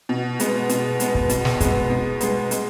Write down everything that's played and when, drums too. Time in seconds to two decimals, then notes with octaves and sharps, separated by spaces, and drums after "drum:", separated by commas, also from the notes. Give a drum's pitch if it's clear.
0.09 B2
0.40 G#3 B3, drum: hi-hat
0.69 B2, drum: hi-hat
1.00 G#3 B3, drum: hi-hat
1.15 drum: kick
1.29 B2, drum: hi-hat
1.45 drum: snare
1.60 G#3 B3, drum: kick, hi-hat
1.90 B2
2.21 G#3 B3, drum: hi-hat
2.51 G#3, drum: hi-hat